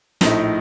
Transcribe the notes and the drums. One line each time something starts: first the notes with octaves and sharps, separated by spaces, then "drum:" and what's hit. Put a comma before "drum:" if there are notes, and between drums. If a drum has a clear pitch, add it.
A#1 A2 A3 D#4, drum: snare